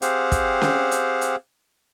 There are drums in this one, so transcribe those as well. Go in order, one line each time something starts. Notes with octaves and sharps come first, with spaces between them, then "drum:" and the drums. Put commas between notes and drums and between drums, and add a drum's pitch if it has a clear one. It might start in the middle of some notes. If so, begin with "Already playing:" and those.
C4 G4 G#4 C5 F5 F#5, drum: hi-hat
drum: kick, hi-hat
drum: snare C#4
drum: hi-hat
drum: hi-hat